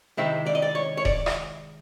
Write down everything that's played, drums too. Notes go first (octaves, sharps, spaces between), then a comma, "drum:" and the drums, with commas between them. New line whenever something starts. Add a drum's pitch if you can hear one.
C3 D#3 G#3 C4 E4 E5
D5
D#5
D5
C#5
C#5
D5, drum: kick D#1
drum: rim click